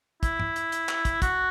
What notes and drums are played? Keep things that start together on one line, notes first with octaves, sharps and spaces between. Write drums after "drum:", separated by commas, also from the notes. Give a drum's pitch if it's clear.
E4, drum: kick, hi-hat
drum: tom G2
drum: hi-hat
drum: hi-hat
drum: clap
drum: kick, hi-hat
F#4, drum: kick, hi-hat